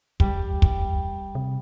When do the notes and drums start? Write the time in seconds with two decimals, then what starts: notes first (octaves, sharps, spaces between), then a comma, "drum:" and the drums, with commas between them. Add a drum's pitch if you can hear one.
0.20 G3, drum: kick
0.62 drum: kick
1.35 C3